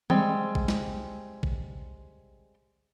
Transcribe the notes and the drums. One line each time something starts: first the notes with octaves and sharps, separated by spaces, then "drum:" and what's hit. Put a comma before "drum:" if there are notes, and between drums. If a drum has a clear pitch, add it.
G3 G#3 C4, drum: tom
drum: kick A1
drum: snare
drum: kick A1